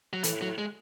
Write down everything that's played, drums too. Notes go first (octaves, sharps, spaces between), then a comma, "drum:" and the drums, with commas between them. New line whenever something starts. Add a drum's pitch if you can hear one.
F#3
A2 E3, drum: hi-hat
F#3
G#3